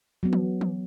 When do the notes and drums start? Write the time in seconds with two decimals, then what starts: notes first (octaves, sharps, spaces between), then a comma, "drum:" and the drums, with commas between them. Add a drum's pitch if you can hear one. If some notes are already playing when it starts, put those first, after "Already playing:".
0.23 F#3 B3
0.33 drum: tom E3
0.61 drum: tom E3